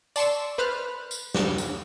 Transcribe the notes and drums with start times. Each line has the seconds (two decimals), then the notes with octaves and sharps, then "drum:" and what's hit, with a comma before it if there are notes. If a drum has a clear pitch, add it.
0.16 D5 A5 C6 C#6 E6, drum: tambourine
0.58 B4 C5 B5 F6 F#6 A6
1.11 drum: tambourine
1.35 drum: snare
1.58 drum: tambourine